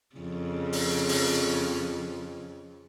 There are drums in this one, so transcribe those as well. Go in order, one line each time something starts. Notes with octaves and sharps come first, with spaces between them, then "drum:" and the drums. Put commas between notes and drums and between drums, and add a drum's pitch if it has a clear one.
F2 C#3
drum: open hi-hat
drum: open hi-hat